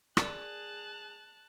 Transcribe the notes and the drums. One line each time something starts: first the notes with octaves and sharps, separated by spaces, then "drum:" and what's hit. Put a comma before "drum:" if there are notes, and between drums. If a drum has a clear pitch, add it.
G#4 A#4 D5 A5 F#6, drum: rim click